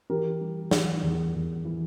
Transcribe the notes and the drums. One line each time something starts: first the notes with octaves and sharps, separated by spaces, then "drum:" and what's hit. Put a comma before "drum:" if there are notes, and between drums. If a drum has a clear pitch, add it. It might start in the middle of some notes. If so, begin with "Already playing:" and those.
E3 G4 A#4
G3
E3, drum: snare
E2
E2
E3